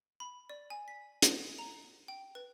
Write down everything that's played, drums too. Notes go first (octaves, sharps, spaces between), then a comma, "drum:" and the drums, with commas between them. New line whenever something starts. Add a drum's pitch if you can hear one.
B5
D5
G#5
B6
drum: hi-hat
A#5
G5
B4